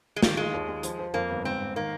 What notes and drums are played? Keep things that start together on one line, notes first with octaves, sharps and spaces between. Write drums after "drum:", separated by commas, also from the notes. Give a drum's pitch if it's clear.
G#3
D#3 G3, drum: snare
G#3 F4
D#2
D#2
F3, drum: hi-hat
F3
F2 A#3
G1
G#2 C4
G#2
D#3 A#3